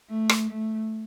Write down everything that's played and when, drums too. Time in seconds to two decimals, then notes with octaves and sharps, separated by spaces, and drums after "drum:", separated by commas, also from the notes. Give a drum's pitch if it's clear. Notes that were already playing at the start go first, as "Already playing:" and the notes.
0.09 A3
0.29 drum: rim click
0.49 A3